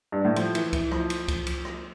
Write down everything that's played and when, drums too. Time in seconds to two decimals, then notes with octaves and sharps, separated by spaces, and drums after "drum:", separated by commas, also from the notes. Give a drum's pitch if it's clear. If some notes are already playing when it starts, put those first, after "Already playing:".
0.12 G2
0.25 A2
0.36 F3, drum: cymbal
0.55 E3, drum: cymbal
0.73 E3, drum: kick C#2, cymbal
0.91 F3, drum: rim click
1.10 drum: cymbal
1.28 drum: kick C#2, cymbal
1.47 drum: cymbal
1.65 drum: rim click